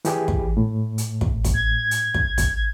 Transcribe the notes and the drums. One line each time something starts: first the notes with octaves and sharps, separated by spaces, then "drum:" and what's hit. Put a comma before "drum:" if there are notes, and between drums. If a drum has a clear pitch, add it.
E3 G4 G#4, drum: hi-hat
drum: kick
A2
drum: hi-hat
drum: kick
drum: kick, hi-hat
G#6
drum: hi-hat
drum: kick
drum: kick, hi-hat